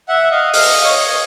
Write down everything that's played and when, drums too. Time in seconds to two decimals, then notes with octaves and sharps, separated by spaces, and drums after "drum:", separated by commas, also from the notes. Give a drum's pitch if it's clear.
0.08 E5 F#5
0.31 D#5 F5
0.54 D#5 F5, drum: open hi-hat
0.84 C#5 D#5